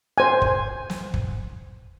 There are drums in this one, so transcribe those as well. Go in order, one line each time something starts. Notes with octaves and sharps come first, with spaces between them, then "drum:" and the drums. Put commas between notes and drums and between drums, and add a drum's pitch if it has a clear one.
C5 G#5
drum: kick
drum: snare
drum: kick